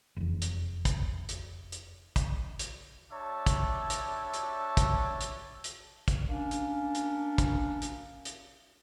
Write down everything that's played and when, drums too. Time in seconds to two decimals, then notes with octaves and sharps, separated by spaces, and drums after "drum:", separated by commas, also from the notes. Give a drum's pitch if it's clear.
0.16 F1 E2
0.42 drum: hi-hat
0.85 drum: kick, hi-hat
1.29 drum: hi-hat
1.72 drum: hi-hat
2.16 drum: kick, hi-hat
2.59 drum: hi-hat
3.12 G3 D4 C#5 E5 A5
3.46 drum: kick, hi-hat
3.90 drum: hi-hat
4.34 drum: hi-hat
4.77 drum: kick, hi-hat
5.21 drum: hi-hat
5.64 drum: hi-hat
6.08 drum: kick, hi-hat
6.29 A#3 C#4 D4
6.51 drum: hi-hat
6.95 drum: hi-hat
7.38 drum: kick, hi-hat
7.82 drum: hi-hat
8.25 drum: hi-hat